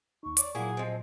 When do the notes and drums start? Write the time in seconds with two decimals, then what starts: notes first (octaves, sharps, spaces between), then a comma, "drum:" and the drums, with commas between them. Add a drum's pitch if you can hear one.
0.23 D#2 D#4 C#6
0.37 C#5 D5, drum: hi-hat
0.55 A#2 F#3 A#3 E4 G#4 F#5
0.77 F3 C4 D#5